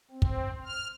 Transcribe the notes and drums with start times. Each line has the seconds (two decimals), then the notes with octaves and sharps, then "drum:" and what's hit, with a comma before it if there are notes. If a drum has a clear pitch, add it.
0.11 C4
0.22 drum: kick
0.64 F6